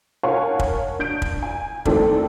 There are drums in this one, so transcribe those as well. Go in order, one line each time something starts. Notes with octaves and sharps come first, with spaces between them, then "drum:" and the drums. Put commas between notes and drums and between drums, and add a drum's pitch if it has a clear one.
A#4 C#5 F5 F#5 G#5 A5
drum: kick
D4 G6 D7
drum: kick
G#5
D#3 A3 C4 A4 D5, drum: kick